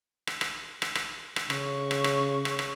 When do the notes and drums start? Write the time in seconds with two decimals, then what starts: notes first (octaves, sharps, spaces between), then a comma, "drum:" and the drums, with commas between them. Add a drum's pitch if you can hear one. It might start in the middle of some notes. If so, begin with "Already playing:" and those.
0.27 drum: rim click
0.41 drum: rim click
0.82 drum: rim click
0.95 drum: rim click
1.36 drum: rim click
1.50 C#3 C#6, drum: rim click
1.91 drum: rim click
2.04 drum: rim click
2.45 drum: rim click
2.59 drum: rim click